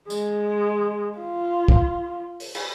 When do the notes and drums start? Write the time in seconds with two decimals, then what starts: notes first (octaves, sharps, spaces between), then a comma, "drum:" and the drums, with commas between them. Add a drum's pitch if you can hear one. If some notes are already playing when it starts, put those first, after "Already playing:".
0.10 G#3, drum: tambourine
1.18 F4
1.68 drum: kick
2.40 drum: open hi-hat
2.55 drum: cymbal